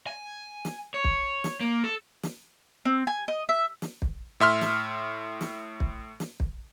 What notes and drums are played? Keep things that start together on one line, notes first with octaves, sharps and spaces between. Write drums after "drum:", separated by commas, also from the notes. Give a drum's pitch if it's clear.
G#5
drum: snare
C#5
drum: kick
drum: snare
A#3
A4
drum: snare
C4
G#5
D#5
E5
drum: snare
drum: kick
A2 E5 C6 F6
drum: snare
drum: snare
drum: kick
drum: snare
drum: kick